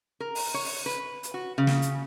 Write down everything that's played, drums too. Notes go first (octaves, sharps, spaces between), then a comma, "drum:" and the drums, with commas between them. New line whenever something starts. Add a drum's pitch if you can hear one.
A#4
drum: open hi-hat
C#5
drum: open hi-hat
B4
drum: hi-hat
F#4
C#3
drum: snare
drum: hi-hat